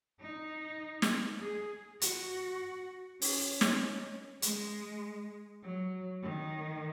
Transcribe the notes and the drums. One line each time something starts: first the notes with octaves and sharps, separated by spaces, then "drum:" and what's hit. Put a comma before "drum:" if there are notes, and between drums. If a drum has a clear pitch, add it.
D#4
drum: snare
G#4
F#4, drum: hi-hat
C#4, drum: open hi-hat
drum: snare
G#3, drum: hi-hat
F#3
D#3